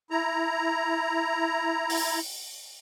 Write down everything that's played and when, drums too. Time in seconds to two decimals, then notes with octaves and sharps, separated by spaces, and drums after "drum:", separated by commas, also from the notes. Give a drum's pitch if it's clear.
0.11 E4 A#5
1.90 drum: open hi-hat